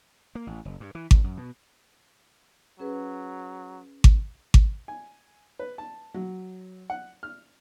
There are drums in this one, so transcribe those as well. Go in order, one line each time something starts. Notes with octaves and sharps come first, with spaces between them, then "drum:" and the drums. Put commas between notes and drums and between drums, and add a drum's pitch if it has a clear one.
A#3
A1
F#1
G2
E3
A#1, drum: kick G#1
F#2
B2
F#3 C#4 G#4 B4
drum: kick G#1
drum: kick G#1
G#5
B4
A5
F#3
F#5
F6